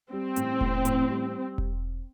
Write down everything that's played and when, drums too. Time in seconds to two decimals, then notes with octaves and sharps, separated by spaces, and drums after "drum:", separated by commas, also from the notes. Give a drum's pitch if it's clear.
0.11 G3 C4
0.36 A1, drum: hi-hat
0.61 A2, drum: kick E1
0.85 A1, drum: hi-hat
1.10 G3
1.58 drum: kick E1